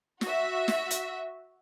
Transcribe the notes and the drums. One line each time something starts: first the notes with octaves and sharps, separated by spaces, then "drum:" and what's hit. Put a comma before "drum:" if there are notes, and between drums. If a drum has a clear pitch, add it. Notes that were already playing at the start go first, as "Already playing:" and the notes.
F#4 E5, drum: snare
drum: snare
drum: hi-hat